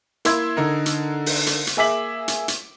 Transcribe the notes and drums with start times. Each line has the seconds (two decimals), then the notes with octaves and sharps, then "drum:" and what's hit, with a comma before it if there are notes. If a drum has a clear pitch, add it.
0.25 A#3 E4 E5 C6 E6 G#6, drum: hi-hat
0.57 D3 D#4 A#4
0.86 drum: hi-hat
1.26 drum: open hi-hat
1.47 drum: hi-hat
1.67 drum: hi-hat
1.77 A#3 G#4 E5 D6 B6 F#7
2.28 drum: hi-hat
2.48 drum: hi-hat